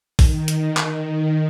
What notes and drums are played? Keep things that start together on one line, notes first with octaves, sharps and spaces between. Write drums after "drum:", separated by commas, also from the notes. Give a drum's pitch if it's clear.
D#3, drum: kick, open hi-hat
drum: hi-hat
drum: clap